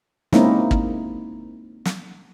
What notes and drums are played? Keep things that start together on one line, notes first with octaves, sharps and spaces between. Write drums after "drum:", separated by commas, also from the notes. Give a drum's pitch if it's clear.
G#3 A#3 C4 C#4 D#4 E4, drum: snare
drum: kick
drum: snare